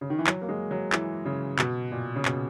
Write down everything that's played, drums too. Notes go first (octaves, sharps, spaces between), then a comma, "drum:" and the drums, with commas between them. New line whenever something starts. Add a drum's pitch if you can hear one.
C#3
D#3
E3
F#3, drum: clap
A#3
G#3
F#3
E3, drum: clap
C#3
B2, drum: clap
A#2
C#3
B2, drum: clap